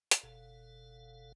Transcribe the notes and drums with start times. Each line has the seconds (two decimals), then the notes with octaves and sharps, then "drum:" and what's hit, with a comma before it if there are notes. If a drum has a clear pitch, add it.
0.11 drum: hi-hat
0.23 F#1 B2 A4 F5